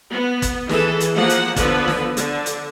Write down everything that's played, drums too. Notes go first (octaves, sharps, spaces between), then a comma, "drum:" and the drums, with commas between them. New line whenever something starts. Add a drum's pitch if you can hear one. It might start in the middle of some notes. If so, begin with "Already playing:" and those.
B3
drum: kick, hi-hat
E3 G#4 A4, drum: snare
drum: hi-hat
F3 A#3 F#5
drum: hi-hat
D3 F3 B3 B4, drum: kick, hi-hat
drum: snare
D3, drum: hi-hat
drum: hi-hat